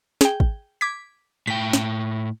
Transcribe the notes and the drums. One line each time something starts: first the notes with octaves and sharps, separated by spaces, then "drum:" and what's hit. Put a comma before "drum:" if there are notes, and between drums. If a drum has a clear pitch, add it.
G#4 G5, drum: snare
drum: kick
D6 G#6 B6
A2 G5 B6
drum: snare